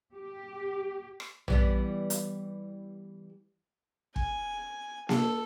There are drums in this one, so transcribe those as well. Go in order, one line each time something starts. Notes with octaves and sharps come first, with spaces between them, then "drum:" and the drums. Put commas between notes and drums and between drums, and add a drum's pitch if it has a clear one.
G4
drum: rim click
E3 G3 B3, drum: tom A#1
drum: hi-hat
G#5, drum: kick
A4, drum: snare A#3